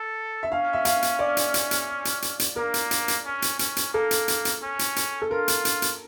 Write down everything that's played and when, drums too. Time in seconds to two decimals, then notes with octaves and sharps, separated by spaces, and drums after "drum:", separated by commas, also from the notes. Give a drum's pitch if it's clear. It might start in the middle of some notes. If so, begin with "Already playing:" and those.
Already playing: A4
0.43 E5
0.52 C#4 F5
0.73 E5
0.85 F5, drum: hi-hat
1.02 drum: hi-hat
1.19 D5
1.37 drum: hi-hat
1.54 drum: hi-hat
1.71 drum: hi-hat
2.05 drum: hi-hat
2.22 drum: hi-hat
2.39 drum: hi-hat
2.56 A#3 A#4
2.74 drum: hi-hat
2.91 drum: hi-hat
3.08 drum: hi-hat
3.26 C#4
3.42 drum: hi-hat
3.59 C#4, drum: hi-hat
3.76 drum: hi-hat
3.94 A#3 A4
4.11 drum: hi-hat
4.28 drum: hi-hat
4.45 drum: hi-hat
4.63 C#4
4.79 drum: hi-hat
4.96 drum: hi-hat
5.22 A4
5.30 F4 A#4
5.48 drum: hi-hat
5.65 drum: hi-hat
5.82 drum: hi-hat